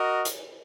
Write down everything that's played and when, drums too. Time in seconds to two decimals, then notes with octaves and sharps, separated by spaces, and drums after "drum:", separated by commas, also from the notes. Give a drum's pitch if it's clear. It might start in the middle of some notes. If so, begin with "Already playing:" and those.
Already playing: F#4 A#4 D#5
0.25 drum: hi-hat